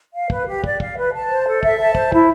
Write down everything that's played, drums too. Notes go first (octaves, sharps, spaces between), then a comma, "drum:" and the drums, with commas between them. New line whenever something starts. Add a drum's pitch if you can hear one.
F5
B4, drum: kick
G4
D5, drum: kick
F5, drum: kick
B4
A5
C5
A4
E5, drum: kick
A5
C5, drum: kick
E4, drum: kick